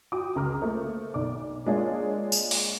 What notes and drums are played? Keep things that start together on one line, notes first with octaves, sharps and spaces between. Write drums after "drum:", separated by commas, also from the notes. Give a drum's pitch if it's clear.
F#4 G5 D6 D#6
C#2 A#5 F6
A3 A#3 C5
B1 D5 D6
G#3 A#3 D4 F4 C#5 D5
drum: tambourine
drum: open hi-hat